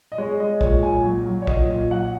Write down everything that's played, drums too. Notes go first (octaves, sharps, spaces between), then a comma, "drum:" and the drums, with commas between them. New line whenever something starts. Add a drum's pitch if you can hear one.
D#5
G#3 C#5
G#3 D#5
A#2 C#5, drum: kick
A#2 G#5
F#3
F#3
C#5
A#2 D#5, drum: kick
A#2
F#3 F#5